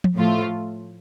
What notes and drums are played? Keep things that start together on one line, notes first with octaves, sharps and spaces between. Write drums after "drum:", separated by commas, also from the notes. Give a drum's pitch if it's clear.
drum: tom F3
A2 F3 A3 F4